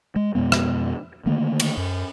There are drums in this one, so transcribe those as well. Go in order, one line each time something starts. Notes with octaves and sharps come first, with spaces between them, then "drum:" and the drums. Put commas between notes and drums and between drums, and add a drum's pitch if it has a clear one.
G#3
F2 B2 G#3 B3
drum: rim click
D3 D#3 A3 A#3
drum: cymbal
F#2